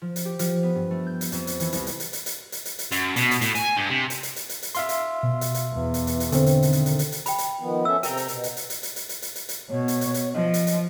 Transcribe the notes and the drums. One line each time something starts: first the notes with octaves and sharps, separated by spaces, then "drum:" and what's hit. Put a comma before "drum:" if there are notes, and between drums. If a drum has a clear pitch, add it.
F3
drum: hi-hat
G4
F3, drum: hi-hat
B3
G2
A3
G6
drum: hi-hat
F2, drum: hi-hat
drum: hi-hat
E3, drum: hi-hat
C2, drum: hi-hat
drum: hi-hat
drum: hi-hat
drum: hi-hat
drum: hi-hat
drum: hi-hat
drum: hi-hat
drum: hi-hat
F#2, drum: hi-hat
B2, drum: hi-hat
drum: hi-hat
A2, drum: hi-hat
G#5, drum: hi-hat
G2
C3
drum: hi-hat
drum: hi-hat
drum: hi-hat
drum: hi-hat
drum: hi-hat
E5 F5 C6, drum: hi-hat
drum: hi-hat
B2
drum: hi-hat
drum: hi-hat
E2
drum: hi-hat
drum: hi-hat
drum: hi-hat
D3 C4, drum: hi-hat
drum: hi-hat
D#3, drum: hi-hat
drum: hi-hat
drum: hi-hat
drum: hi-hat
drum: hi-hat
G5 B5, drum: hi-hat
drum: hi-hat
D#3 F3 B3
C#4 A4 E5 E6
C3 A#4 E5 G5 A#5, drum: hi-hat
drum: hi-hat
B2, drum: hi-hat
drum: hi-hat
drum: hi-hat
drum: hi-hat
drum: hi-hat
drum: hi-hat
drum: hi-hat
drum: hi-hat
drum: hi-hat
drum: hi-hat
B2 C#5
drum: hi-hat
drum: hi-hat
drum: hi-hat
F3 D#5
drum: hi-hat
drum: hi-hat